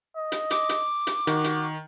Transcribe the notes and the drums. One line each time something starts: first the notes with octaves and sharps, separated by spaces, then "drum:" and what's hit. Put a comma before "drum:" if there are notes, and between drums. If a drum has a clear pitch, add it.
D#5
drum: hi-hat
D6, drum: hi-hat
drum: hi-hat
drum: hi-hat
D#3 F#4, drum: hi-hat
drum: hi-hat